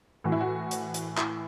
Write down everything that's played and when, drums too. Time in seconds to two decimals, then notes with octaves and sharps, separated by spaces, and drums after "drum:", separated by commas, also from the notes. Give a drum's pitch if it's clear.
0.24 A2 E3 F#4
0.32 E4
0.41 F#4
0.71 drum: hi-hat
0.94 drum: hi-hat
1.17 E4, drum: clap